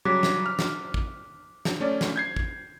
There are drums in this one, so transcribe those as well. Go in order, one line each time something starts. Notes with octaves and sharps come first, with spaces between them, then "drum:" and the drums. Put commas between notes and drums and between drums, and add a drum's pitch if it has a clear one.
C#3 F#3 G3 D6 F#6 B6
drum: snare
F6
drum: snare
drum: kick
drum: snare
A3 C#4 D5
drum: snare
G6 G#6 C7
drum: kick